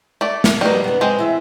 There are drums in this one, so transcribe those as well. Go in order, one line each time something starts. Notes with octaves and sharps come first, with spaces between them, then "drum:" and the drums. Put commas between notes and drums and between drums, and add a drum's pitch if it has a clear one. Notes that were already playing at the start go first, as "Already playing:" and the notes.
A3 D5
drum: snare
G3 A#3 F#4 B4 D#5
B3 D4
G#3 C4 D#5
E3 E5